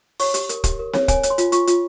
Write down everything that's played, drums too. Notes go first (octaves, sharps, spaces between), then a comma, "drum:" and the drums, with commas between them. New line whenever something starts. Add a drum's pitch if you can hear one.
C#5 C#6, drum: open hi-hat
G4, drum: hi-hat
A#4, drum: hi-hat
G4, drum: kick, hi-hat
A#4
C#5, drum: snare C4
C#5 G#5, drum: kick, hi-hat
C#5, drum: hi-hat
C6
F4, drum: hi-hat
F4 C#6, drum: hi-hat
F4, drum: hi-hat